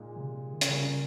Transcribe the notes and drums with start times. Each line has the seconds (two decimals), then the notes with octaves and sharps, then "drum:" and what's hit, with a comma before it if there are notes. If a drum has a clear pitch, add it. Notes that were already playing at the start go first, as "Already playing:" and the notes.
Already playing: A#2 G#3 D#4
0.16 C3
0.53 D#3
0.61 C#3 G3 A#3 C#4 F4, drum: hi-hat